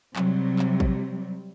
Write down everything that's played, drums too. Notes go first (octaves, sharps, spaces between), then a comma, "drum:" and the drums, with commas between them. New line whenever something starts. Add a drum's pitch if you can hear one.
C3 F#3 G3, drum: clap
drum: clap
drum: kick A1